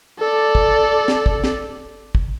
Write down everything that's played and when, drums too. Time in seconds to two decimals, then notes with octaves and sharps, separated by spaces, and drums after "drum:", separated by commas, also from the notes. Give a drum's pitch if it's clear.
0.19 A4 D5
0.55 drum: kick
1.08 drum: snare
1.26 drum: kick
1.44 drum: snare
2.15 drum: kick